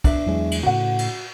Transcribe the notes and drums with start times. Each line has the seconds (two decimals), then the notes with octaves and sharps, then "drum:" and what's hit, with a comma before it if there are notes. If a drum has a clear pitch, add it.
0.04 D4 E5, drum: kick, cymbal
0.26 E2 F#3 G#3
0.52 drum: cymbal
0.63 A2 C#3 F#4 F#5
0.99 drum: cymbal